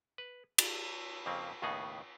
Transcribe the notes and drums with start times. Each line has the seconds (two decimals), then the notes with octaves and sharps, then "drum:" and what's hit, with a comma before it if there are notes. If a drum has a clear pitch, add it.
0.18 B4
0.58 D5, drum: cymbal
1.26 F2 C#3 A#3 C4
1.62 D#2 A2 C#3 B3 D#4 G#4